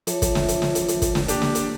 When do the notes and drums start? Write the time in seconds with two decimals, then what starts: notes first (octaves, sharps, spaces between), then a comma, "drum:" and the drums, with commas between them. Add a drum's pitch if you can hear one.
0.07 F3 C#5 E5 A5, drum: hi-hat
0.22 drum: kick, hi-hat
0.35 drum: snare
0.48 drum: hi-hat
0.62 drum: snare
0.75 drum: hi-hat
0.88 drum: hi-hat
1.02 drum: kick, hi-hat
1.15 drum: snare
1.28 A#3 D4 G4, drum: hi-hat
1.42 drum: snare
1.55 drum: hi-hat